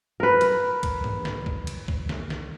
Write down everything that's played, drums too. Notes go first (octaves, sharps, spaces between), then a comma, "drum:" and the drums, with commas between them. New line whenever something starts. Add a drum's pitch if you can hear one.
A#4 B4
drum: cymbal
drum: kick B1, cymbal
drum: tom G#2
drum: snare
drum: kick B1
drum: cymbal
drum: kick B1
drum: snare
drum: snare